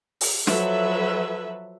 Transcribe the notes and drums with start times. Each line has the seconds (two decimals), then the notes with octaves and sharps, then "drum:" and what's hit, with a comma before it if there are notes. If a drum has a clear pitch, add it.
0.21 drum: open hi-hat
0.47 F3 F#3 A4 B4 E5, drum: snare